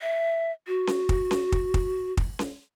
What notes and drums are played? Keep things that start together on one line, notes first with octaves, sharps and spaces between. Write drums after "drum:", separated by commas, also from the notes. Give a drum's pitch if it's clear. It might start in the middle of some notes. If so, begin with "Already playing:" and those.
E5
F#4
drum: snare C#4
drum: kick
drum: snare C#4
drum: kick
drum: kick
drum: kick
drum: snare C#4